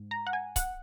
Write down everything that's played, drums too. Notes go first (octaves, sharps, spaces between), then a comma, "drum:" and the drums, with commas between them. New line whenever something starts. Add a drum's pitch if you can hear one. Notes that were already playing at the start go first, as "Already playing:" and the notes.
Already playing: G#2
A#5
F#5
G#5
F#5, drum: kick C#1, hi-hat